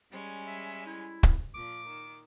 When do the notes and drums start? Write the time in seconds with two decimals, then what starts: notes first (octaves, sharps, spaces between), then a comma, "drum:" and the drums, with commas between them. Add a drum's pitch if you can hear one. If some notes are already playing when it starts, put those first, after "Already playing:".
0.11 G3 G#3 C#4
0.47 E5
0.86 E4
1.23 drum: kick
1.55 A#2 F3 D6
1.87 D#3